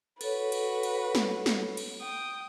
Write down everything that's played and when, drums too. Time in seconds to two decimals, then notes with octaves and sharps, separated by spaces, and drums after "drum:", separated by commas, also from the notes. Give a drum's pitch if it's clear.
0.21 F#4 A4 B4 C#5, drum: cymbal
0.52 drum: cymbal
0.83 drum: cymbal
1.15 drum: snare
1.46 drum: snare
1.77 drum: cymbal
2.00 G5 D#6